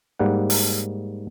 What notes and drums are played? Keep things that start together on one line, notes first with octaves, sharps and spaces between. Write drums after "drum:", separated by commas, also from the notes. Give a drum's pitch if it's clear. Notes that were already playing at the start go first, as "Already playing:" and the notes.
G#2 G3 A#3 F#5
drum: open hi-hat